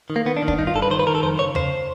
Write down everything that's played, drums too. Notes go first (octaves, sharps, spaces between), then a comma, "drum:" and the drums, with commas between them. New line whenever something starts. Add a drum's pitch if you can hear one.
D#3
A#3
D#3 B3
D4
D#3
D4, drum: kick
G2 D#4
F4
G2 A4
B4
D#3 C5
B4
D#3 A#4
A4
F2 C5
C#3 C#5
C#3 C5, drum: tom E2